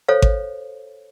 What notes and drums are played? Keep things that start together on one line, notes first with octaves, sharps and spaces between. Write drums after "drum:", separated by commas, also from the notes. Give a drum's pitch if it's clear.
A4 C5 C#5 F5
drum: kick G#1